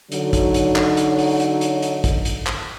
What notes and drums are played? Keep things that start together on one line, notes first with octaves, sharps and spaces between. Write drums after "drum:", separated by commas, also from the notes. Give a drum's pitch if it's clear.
D3 F#3 D#4, drum: hi-hat
drum: kick, hi-hat
drum: hi-hat
drum: clap
drum: hi-hat
drum: open hi-hat
drum: hi-hat
drum: hi-hat
drum: hi-hat
drum: kick, hi-hat
drum: hi-hat
drum: clap